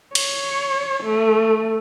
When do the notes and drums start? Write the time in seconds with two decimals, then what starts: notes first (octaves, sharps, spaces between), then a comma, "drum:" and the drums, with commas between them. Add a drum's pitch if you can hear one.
0.15 C#5, drum: cymbal
1.03 A3